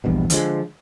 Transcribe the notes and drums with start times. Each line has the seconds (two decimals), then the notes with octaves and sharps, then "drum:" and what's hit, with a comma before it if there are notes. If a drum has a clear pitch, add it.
0.04 A#1 E2 G2 B2
0.30 D3 F3 F#3 G#3, drum: hi-hat